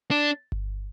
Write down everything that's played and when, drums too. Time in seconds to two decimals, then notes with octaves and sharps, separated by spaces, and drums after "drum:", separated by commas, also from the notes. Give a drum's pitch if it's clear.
0.11 D4
0.52 drum: kick G1